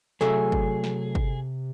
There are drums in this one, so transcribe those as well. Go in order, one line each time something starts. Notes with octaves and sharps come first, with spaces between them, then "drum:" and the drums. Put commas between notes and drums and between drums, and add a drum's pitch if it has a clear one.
C3 F#3 A3 G#4 A4 E5
drum: kick G1
drum: snare
drum: kick G1